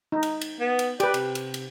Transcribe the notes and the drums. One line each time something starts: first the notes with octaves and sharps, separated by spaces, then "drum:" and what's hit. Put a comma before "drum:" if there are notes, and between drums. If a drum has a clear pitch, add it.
D#4
drum: cymbal
drum: cymbal
B3
drum: cymbal
G4 B4 D5, drum: cymbal
C3, drum: cymbal
drum: cymbal
drum: cymbal